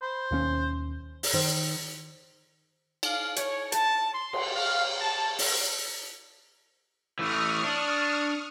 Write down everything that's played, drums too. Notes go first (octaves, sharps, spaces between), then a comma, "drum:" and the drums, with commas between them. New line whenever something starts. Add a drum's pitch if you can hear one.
C5 B5
D#2 B2 D#3 A#3 C#4
drum: open hi-hat
D#3 C5
F5, drum: cymbal
C#5, drum: hi-hat
A5, drum: hi-hat
C6
drum: cymbal
F5
A5
drum: open hi-hat
E3 A3 C#6 D#6 F6
D4